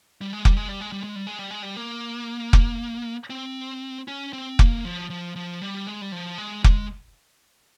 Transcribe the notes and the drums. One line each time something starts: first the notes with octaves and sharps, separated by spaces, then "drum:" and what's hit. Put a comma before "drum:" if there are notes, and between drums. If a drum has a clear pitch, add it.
G3
G#3
G3, drum: kick F1
G#3
G3
G#3
G3
G#3
G3
G#3
G3
G#3
G3
A#3
drum: kick F1
C4
C#4
C4
A#3, drum: kick F1
F3
F3
F3
G3
G#3
G3
F3
G#3
G#3, drum: kick F1